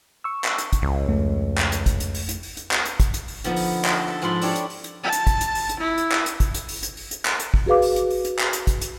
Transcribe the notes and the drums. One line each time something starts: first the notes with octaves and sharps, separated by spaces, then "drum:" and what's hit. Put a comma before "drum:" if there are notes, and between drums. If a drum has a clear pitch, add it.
C#6 E6
drum: clap
drum: hi-hat
drum: kick, hi-hat
C#2
F2 A3
drum: clap
drum: hi-hat
drum: kick, hi-hat
drum: hi-hat
drum: open hi-hat
drum: hi-hat
drum: open hi-hat
drum: hi-hat
drum: clap
drum: hi-hat
drum: kick, hi-hat
drum: hi-hat
drum: open hi-hat
D3 F3 B3 D#4, drum: hi-hat
drum: open hi-hat
drum: clap
A4 E5
G#2 F3 F4 A4 B5 C6
D4 E4 G4 C#5 D5, drum: open hi-hat
drum: hi-hat
drum: open hi-hat
drum: hi-hat
A5
drum: hi-hat
drum: kick, hi-hat
drum: hi-hat
drum: open hi-hat
drum: hi-hat
E4
drum: hi-hat
drum: clap
drum: hi-hat
drum: kick, hi-hat
drum: hi-hat
drum: open hi-hat
drum: hi-hat
drum: open hi-hat
drum: hi-hat
drum: clap
drum: hi-hat
drum: kick
F#4 G#4 B4 F5 D6
drum: open hi-hat
drum: hi-hat
drum: open hi-hat
drum: hi-hat
drum: clap
drum: hi-hat
drum: kick, hi-hat
drum: hi-hat